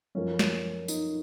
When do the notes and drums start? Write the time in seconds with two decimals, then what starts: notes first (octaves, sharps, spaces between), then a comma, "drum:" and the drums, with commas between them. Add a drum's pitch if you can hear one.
0.15 F#2 F3 A#3 C#4
0.39 drum: snare
0.88 D#4, drum: tambourine